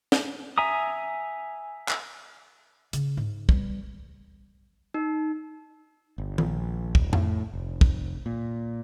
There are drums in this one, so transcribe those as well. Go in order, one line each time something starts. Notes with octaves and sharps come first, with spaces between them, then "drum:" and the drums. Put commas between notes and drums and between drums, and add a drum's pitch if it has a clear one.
drum: snare
E5 G#5 A#5 D#6
drum: clap
C#3, drum: hi-hat
G#2
G3 B3, drum: kick
D#4
G1
A#1, drum: tom D#3
D#1, drum: kick
A2, drum: tom F2
F1
drum: kick
A#2